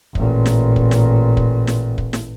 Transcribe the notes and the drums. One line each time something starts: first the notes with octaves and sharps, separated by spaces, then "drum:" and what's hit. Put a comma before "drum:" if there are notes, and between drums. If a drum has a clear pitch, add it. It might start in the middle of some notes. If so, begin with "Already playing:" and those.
A1 A#2, drum: kick
drum: snare
drum: kick
drum: snare
drum: kick
drum: snare
drum: kick
drum: snare